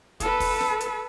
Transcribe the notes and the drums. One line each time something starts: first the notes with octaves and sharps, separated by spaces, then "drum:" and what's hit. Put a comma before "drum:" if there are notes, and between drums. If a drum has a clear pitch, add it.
A4 B4, drum: kick, hi-hat
drum: kick, open hi-hat
drum: snare
drum: hi-hat